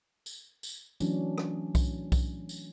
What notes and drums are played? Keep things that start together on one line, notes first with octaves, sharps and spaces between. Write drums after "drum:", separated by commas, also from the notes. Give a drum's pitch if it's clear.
drum: tambourine
drum: tambourine
E3 F#3 A3 C#4 D4, drum: tambourine
drum: rim click
drum: kick B1, tambourine
drum: kick B1, tambourine
drum: tambourine